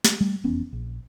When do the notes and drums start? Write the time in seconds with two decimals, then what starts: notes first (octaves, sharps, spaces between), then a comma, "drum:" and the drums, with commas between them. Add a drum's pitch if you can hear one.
0.05 drum: snare
0.21 G3 A3
0.44 F1 E2 B3 C#4
0.73 A#1